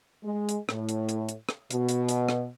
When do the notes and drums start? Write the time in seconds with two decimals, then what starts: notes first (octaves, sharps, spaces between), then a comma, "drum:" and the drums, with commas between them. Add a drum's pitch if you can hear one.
0.24 G#3
0.49 drum: hi-hat
0.69 A2, drum: rim click
0.89 drum: hi-hat
1.09 drum: hi-hat
1.29 drum: hi-hat
1.49 drum: rim click
1.71 B2, drum: hi-hat
1.89 drum: hi-hat
2.09 drum: hi-hat
2.29 drum: rim click